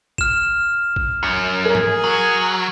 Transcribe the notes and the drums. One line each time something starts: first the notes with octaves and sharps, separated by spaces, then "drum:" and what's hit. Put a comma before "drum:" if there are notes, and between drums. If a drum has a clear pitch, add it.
F6 E7, drum: kick G#1
drum: kick G#1
F#2 C#7
G#4 A#4
drum: tom
F#3